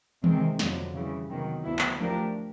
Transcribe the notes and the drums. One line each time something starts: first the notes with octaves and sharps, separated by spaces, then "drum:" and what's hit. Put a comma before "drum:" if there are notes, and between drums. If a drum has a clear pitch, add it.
C3 D#3 G#3 C4, drum: tom D#3
F2 D3 F#3, drum: snare
C#3 E3 G3
C3 D#3 F#3 B3
D2 D3 F#3 B3 E4
drum: clap
F3 A3 D4 G4 A#4